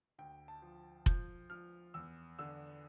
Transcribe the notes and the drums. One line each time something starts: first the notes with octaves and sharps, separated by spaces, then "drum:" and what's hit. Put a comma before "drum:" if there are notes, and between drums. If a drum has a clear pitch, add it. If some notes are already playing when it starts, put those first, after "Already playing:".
D2 G5
A5
F3
F3 G6, drum: kick F1
F3 F6
E2 E6
D3 E6